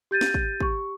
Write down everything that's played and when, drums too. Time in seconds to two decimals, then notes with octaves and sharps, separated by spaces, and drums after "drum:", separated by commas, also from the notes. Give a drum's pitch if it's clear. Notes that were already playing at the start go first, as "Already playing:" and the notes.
0.11 G4 G6 A6 D#7
0.21 drum: snare
0.34 drum: kick
0.60 G4 C#6, drum: kick